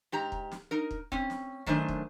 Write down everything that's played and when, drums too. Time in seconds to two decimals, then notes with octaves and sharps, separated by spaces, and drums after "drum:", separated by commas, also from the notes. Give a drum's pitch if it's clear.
0.12 G#2 G4 A#5
0.32 drum: kick
0.51 drum: snare
0.71 D#4 A#4
0.91 drum: kick
1.12 C4 C#4, drum: kick
1.30 drum: snare
1.66 F#2 D#3 A3 D4 C5 G#5, drum: kick
1.88 drum: kick